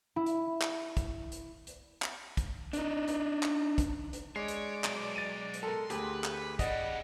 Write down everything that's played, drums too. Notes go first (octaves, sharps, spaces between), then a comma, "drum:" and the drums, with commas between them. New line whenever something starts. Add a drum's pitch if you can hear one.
E4
drum: hi-hat
drum: clap
drum: kick, hi-hat
drum: hi-hat
drum: hi-hat
drum: clap
drum: kick, hi-hat
D4 D#4, drum: hi-hat
drum: hi-hat
drum: clap
drum: kick, hi-hat
drum: hi-hat
G#3 C#5 D5 C7
drum: hi-hat
B2 F#3, drum: clap
A6 D#7
drum: hi-hat
A4 A#4 C6
D2 G4 G#4 B4, drum: hi-hat
drum: clap
C#3 G3 D5 D#5 F#5, drum: kick, hi-hat